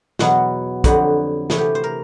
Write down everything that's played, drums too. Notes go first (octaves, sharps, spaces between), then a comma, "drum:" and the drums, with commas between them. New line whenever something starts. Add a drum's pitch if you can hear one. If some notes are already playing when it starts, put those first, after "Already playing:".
E2 B2 F#3 B3 F#4, drum: snare
F2 D3 F#3 B3 G4, drum: kick, hi-hat
C3 E3 A3 G#4, drum: snare
G4
C5
A#4